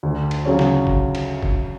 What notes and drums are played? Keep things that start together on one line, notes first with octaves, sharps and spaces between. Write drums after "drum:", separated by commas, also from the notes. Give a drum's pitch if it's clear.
D2
drum: cymbal
C#3 F#3 C#4
drum: snare
drum: kick
drum: cymbal
drum: kick